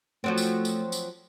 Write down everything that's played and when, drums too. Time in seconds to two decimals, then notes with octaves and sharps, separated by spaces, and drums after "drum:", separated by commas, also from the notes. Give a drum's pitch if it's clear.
0.24 F3 F#3 A3 C4
0.38 drum: tambourine
0.65 drum: tambourine
0.92 drum: tambourine